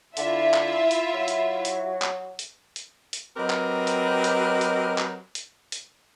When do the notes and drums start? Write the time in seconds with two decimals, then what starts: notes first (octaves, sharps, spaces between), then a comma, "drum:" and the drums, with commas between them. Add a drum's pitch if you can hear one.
0.17 D3 E4 F4 E5, drum: hi-hat
0.54 drum: clap
0.91 drum: hi-hat
1.14 F#3
1.28 drum: hi-hat
1.65 drum: hi-hat
2.02 drum: clap
2.39 drum: hi-hat
2.76 drum: hi-hat
3.13 drum: hi-hat
3.37 F#3 C4 G4 A#4 B4 D#5
3.50 drum: clap
3.87 drum: hi-hat
4.24 drum: hi-hat
4.61 drum: hi-hat
4.98 drum: clap
5.35 drum: hi-hat
5.72 drum: hi-hat